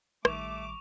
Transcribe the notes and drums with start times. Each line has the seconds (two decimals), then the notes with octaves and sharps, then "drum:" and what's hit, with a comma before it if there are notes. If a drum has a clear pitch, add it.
0.25 A1 D#3 G3 A3 C#6 D6 E7 F7, drum: rim click